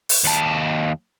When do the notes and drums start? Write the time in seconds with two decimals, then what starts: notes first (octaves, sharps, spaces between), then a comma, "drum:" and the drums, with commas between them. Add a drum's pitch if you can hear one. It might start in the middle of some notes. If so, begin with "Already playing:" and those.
0.09 drum: open hi-hat
0.24 D#2 A5